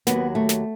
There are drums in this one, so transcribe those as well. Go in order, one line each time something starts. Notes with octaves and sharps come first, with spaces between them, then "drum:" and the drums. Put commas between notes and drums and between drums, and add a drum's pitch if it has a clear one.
D#2 D#3 F#3 B3, drum: snare
A3
drum: snare